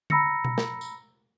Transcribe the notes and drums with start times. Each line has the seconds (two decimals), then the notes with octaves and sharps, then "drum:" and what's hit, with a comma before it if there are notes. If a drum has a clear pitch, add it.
0.10 A#5 B5 E6 A#6 C#7, drum: tom D3
0.45 drum: tom B2
0.58 drum: snare
0.81 drum: tambourine